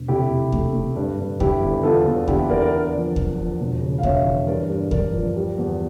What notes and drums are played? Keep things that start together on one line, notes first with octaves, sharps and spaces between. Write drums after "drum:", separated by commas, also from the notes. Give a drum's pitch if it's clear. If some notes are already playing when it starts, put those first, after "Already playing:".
Already playing: E1
F1 E4 G4
F1
A3, drum: kick D#2
A3
G2
G2
G2 E4 G4, drum: kick D#2
G1
E2 F4 A4
E2
D3 E4 G4, drum: kick D#2
E2 A#4 D5
A#4 D5
D4
F3
F3, drum: kick D#2
F3
E1
C#3
F5
E1 C#5 E5, drum: kick D#2
E3
G2 A#4 D5
G2
G2 A#4 D5, drum: kick D#2
F3
G3
E2